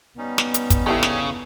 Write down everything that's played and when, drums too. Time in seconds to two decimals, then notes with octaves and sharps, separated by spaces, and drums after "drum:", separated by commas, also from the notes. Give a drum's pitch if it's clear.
0.18 G3 B3 C#4 D#4
0.38 drum: snare
0.54 drum: hi-hat
0.70 drum: kick, hi-hat
0.86 C#3 E4 G4 A4
1.03 drum: snare